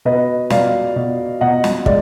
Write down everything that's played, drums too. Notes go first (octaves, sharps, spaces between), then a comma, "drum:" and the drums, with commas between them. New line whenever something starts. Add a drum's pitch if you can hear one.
B2 B4 D#5
B2 D5 F5, drum: snare
B2
B2 D#5 F#5
drum: snare
G#3 D5, drum: kick